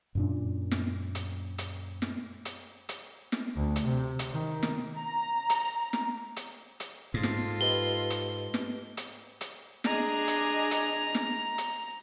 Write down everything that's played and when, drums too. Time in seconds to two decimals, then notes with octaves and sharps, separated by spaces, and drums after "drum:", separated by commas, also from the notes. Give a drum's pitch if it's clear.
0.15 F#2 A#2 D4
0.71 drum: snare
1.15 drum: hi-hat
1.58 drum: hi-hat
2.02 drum: snare
2.45 drum: hi-hat
2.89 drum: hi-hat
3.32 drum: snare
3.56 D2
3.76 drum: hi-hat
3.85 C3
4.19 drum: hi-hat
4.33 D#3
4.63 drum: snare
4.98 A#5
5.50 drum: hi-hat
5.93 drum: snare
6.36 drum: hi-hat
6.80 drum: hi-hat
7.14 G#2 F4 A4
7.23 drum: snare
7.61 G4 B4 D#5 G7
8.10 drum: hi-hat
8.54 drum: snare
8.97 drum: hi-hat
9.41 drum: hi-hat
9.84 D4 G#4 D#5 A#5, drum: snare
10.28 drum: hi-hat
10.71 drum: hi-hat
11.15 drum: snare
11.58 drum: hi-hat